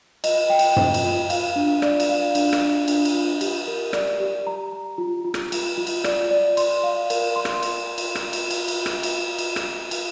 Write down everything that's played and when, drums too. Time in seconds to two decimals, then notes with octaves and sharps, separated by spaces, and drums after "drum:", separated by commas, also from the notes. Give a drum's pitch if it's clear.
0.24 D#5, drum: cymbal
0.50 G5
0.59 drum: cymbal
0.76 C5, drum: tom F#2
0.94 drum: cymbal
1.04 F4
1.30 F5, drum: cymbal
1.56 D4
1.82 D5, drum: rim click
2.00 drum: cymbal
2.09 F5
2.35 D4, drum: cymbal
2.53 drum: rim click
2.62 D4
2.88 D4, drum: cymbal
3.05 drum: cymbal
3.15 F4
3.41 G4, drum: cymbal
3.67 A#4
3.93 D5, drum: rim click
4.20 G4
4.47 A#5
4.73 A#5
4.98 F4
5.25 F4
5.34 drum: rim click
5.52 F4, drum: cymbal
5.78 F4
5.87 drum: cymbal
6.04 D5, drum: rim click
6.31 D5
6.57 C6, drum: cymbal
6.84 F5
7.10 A#4, drum: cymbal
7.36 C6
7.45 drum: rim click
7.63 drum: cymbal
7.98 drum: cymbal
8.15 drum: rim click
8.33 drum: cymbal
8.51 drum: cymbal
8.68 drum: cymbal
8.86 drum: rim click
9.03 drum: cymbal
9.38 drum: cymbal
9.56 drum: rim click
9.91 drum: cymbal